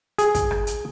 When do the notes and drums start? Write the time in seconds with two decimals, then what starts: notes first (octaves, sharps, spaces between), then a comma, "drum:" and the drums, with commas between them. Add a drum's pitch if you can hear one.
0.18 G#4, drum: hi-hat
0.35 drum: kick, hi-hat
0.51 drum: rim click
0.67 drum: hi-hat